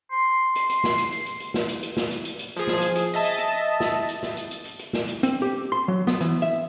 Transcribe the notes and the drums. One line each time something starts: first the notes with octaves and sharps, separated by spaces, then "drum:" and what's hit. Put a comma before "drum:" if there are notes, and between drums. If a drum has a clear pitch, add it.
C6
drum: hi-hat
drum: hi-hat
drum: snare
drum: hi-hat
drum: hi-hat
drum: hi-hat
drum: hi-hat
drum: snare
drum: hi-hat
drum: hi-hat
drum: snare
drum: hi-hat
drum: hi-hat
drum: hi-hat
F3 G#4
drum: snare
drum: hi-hat
drum: hi-hat
D#5 E5 A5
drum: hi-hat
drum: hi-hat
drum: snare
drum: hi-hat
drum: snare
drum: hi-hat
drum: hi-hat
drum: hi-hat
drum: hi-hat
drum: snare
drum: hi-hat
C4, drum: hi-hat
G4
C6
F#3
B3, drum: snare
E3, drum: hi-hat
E5